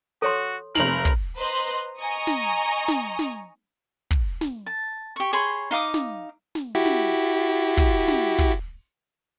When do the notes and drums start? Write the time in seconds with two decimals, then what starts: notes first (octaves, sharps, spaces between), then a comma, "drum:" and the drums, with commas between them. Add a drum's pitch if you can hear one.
0.22 F#4 A4 C#5 C6
0.75 F1 A#4 F7 F#7, drum: snare
1.05 drum: kick
1.36 B4 C5 D#5 A#5 C6 F#6
1.98 D#5 G#5 A#5 C#6 D#6
2.27 drum: snare
2.88 drum: snare
3.19 drum: snare
4.11 drum: kick
4.41 drum: snare
4.66 A5
5.16 G4 C#6
5.33 G#4 C#5 B5 C6
5.71 D#4 F5 D6 D#6
5.94 drum: snare
6.55 drum: snare
6.75 E4 F#4 G4
6.86 drum: snare
7.77 drum: kick
8.08 drum: snare
8.38 drum: kick